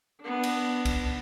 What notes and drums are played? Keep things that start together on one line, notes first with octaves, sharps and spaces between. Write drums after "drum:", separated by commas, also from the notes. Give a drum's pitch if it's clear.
B3 D4
drum: cymbal
drum: kick B1, cymbal